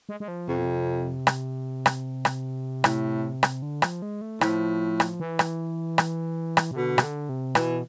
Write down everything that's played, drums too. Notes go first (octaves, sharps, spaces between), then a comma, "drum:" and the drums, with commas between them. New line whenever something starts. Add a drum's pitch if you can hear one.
G#3
G#3
F3
F2 C3
B2
C3
drum: rim click
drum: rim click
drum: rim click
A2, drum: rim click
drum: rim click
D3
F3, drum: rim click
G#3
A3
A2 F3, drum: rim click
drum: rim click
E3
drum: rim click
drum: rim click
drum: rim click
C3
B2 D3
C3, drum: rim click
D3
C3
B2 E3, drum: rim click